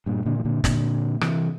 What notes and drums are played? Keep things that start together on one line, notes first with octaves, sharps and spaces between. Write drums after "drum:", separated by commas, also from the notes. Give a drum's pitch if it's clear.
G2 A#2
A#2 D3
E3
A#2 D3
A#2 D3, drum: snare
C3 E3, drum: rim click